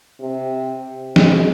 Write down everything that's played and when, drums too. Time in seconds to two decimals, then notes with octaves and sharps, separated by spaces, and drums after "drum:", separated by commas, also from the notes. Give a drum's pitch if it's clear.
0.20 C3
1.16 G#3, drum: snare